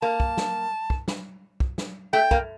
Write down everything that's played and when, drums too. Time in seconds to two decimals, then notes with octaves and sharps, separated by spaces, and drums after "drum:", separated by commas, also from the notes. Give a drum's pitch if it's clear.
0.02 A#3 A5
0.20 drum: kick
0.37 drum: snare
0.90 drum: kick
1.08 drum: snare
1.60 drum: kick
1.78 drum: snare
2.13 A3 G5
2.31 A#3, drum: kick